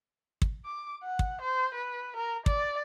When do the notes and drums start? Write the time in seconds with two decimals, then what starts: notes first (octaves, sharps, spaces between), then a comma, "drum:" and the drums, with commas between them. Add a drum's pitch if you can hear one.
0.42 drum: kick
0.65 D6
1.04 F#5
1.19 drum: kick
1.41 C5
1.75 B4
2.17 A#4
2.46 D5, drum: kick